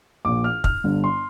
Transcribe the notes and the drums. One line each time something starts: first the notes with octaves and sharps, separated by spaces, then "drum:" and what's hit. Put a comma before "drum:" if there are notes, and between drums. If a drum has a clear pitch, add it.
A#1 A#2 D6
F6
F6, drum: kick
G1 G2 D3
C6